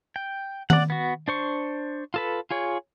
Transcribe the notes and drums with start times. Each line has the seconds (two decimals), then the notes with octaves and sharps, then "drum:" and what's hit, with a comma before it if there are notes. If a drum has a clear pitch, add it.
0.16 G5
0.70 D5 F#5, drum: tom D#3
0.90 B3 F#4
1.28 D4 C5 C#6
2.14 F4 A4 B4
2.51 F4 G#4 C#5